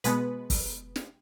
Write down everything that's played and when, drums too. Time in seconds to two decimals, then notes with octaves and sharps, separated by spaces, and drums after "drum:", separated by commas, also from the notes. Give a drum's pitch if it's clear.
0.04 B2 G#3 B3 B4, drum: hi-hat
0.50 drum: kick F#1, open hi-hat
0.96 drum: snare